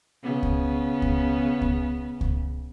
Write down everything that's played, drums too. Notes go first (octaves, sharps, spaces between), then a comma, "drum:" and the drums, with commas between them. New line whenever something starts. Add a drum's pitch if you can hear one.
C#3 B3
drum: kick C#2
drum: kick C#2
drum: kick C#2
drum: kick C#2